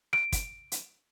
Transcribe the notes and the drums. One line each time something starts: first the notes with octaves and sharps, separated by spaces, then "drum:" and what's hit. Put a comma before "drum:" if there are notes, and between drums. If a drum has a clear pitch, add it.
D7, drum: rim click
drum: kick, hi-hat
drum: hi-hat